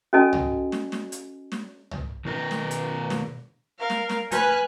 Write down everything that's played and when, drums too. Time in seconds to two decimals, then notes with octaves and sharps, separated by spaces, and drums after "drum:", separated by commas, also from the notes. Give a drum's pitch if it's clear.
0.13 C#4 F#4 A4 D#5 G#5 A5
0.33 drum: tom
0.72 drum: snare
0.92 drum: snare
1.12 drum: hi-hat
1.52 drum: snare
1.91 drum: tom
2.25 B2 D#3 D#4 A#4
2.51 drum: snare
2.71 drum: hi-hat
3.10 drum: snare
3.78 A#4 F5
3.90 drum: snare
4.10 drum: snare
4.31 B4 G#5 F6 F#6, drum: hi-hat